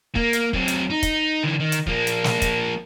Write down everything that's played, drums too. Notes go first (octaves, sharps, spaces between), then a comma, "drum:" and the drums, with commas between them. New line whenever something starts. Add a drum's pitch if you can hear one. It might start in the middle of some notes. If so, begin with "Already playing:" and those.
A#3, drum: kick
drum: hi-hat
F#3 C4, drum: kick
drum: hi-hat
D#4
drum: kick, hi-hat
D3 E3
D#3
drum: hi-hat
F3 A#3, drum: kick
drum: hi-hat
drum: snare
drum: kick, hi-hat